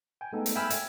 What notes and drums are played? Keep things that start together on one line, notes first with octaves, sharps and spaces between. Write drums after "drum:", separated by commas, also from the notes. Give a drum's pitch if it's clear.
G5 G#5
G#3 A3 B3 D#4 A4
drum: hi-hat
E5 G5 G#5 B5 E6 F6
G#6, drum: hi-hat